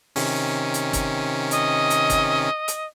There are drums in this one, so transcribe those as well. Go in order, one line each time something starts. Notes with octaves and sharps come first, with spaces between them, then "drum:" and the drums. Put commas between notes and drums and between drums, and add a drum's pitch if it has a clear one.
C3 D#3 C#4, drum: open hi-hat
drum: hi-hat
drum: kick, hi-hat
D#5, drum: hi-hat
drum: hi-hat
drum: kick, hi-hat
drum: hi-hat